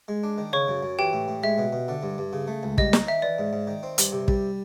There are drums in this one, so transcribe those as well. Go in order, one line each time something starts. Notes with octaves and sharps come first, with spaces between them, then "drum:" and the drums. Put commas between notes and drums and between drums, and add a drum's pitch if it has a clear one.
G#3
D4
D#3
C#3 C#5 C#6
F#2
F#2
E3 G4 G5
A2
A2
G#3 E5
B2
B2
D3
G2
G2
C#3
A3
C#2
G3 D#5, drum: kick
D#4, drum: snare
D#3 E5
E3 D5
G#2
G#2
D#3
C4
G2, drum: hi-hat
C3
G3, drum: kick